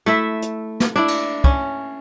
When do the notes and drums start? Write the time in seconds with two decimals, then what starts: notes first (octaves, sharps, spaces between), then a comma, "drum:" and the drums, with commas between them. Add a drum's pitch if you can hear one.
0.06 A3 E4 E5
0.42 drum: hi-hat
0.80 drum: snare
0.96 D4 E4
1.08 drum: cymbal
1.44 C#4, drum: kick